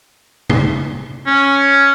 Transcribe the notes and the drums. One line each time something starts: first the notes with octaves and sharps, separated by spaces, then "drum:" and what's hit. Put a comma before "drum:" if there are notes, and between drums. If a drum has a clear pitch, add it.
drum: tom
C#4